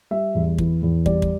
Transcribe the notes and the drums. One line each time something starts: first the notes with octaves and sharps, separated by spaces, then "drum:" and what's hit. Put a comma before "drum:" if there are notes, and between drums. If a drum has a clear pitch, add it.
G3 E5
E2
E3, drum: kick
E2
G3 D5, drum: kick
drum: kick